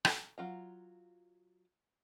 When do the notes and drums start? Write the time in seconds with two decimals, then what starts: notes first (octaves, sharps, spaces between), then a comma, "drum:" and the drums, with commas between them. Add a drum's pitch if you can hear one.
0.05 A4, drum: rim click
0.38 F#3 F4 A#5